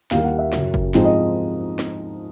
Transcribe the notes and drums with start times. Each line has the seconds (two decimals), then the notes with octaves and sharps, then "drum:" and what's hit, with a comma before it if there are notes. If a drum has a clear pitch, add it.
0.11 D#2 D#3 G3 A#3 F5, drum: snare
0.25 F#5
0.39 E5
0.53 F#2 C#3 F#3, drum: snare
0.74 drum: kick F#1
0.94 G#2 F3 G#3 C4 D#4, drum: snare
1.05 D#5
1.79 drum: snare